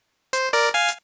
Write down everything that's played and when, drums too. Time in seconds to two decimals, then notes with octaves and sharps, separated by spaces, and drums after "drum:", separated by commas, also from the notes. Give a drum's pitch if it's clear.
0.33 C5, drum: hi-hat
0.53 A#4 D5
0.74 F5 G#5
0.88 drum: hi-hat